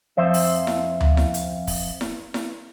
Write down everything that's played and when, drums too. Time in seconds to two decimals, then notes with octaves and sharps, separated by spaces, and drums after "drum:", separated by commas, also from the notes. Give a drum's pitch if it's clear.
0.17 F2 F3 C5 E5
0.34 drum: open hi-hat
0.67 drum: snare E4
1.01 drum: tom D2
1.17 drum: snare E4
1.34 drum: hi-hat
1.67 drum: kick, open hi-hat
2.01 drum: snare E4
2.34 drum: snare E4